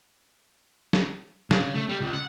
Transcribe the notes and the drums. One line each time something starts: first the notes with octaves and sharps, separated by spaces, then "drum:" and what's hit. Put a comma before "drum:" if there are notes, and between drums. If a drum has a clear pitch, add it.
drum: snare
C#3, drum: snare
A3
G3
C#2
F#5